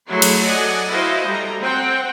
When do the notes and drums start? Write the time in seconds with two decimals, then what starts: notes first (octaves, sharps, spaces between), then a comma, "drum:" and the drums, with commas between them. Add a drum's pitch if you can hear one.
0.10 F#3 A3 E4 F#4 G#4 C6
0.22 drum: cymbal
0.43 A4 D5 D#5 F#5 G#5
0.90 E4 F#4 B4 C5 D#5 F5
1.27 G3 A4 A#5
1.61 C4 C5 F#5 G5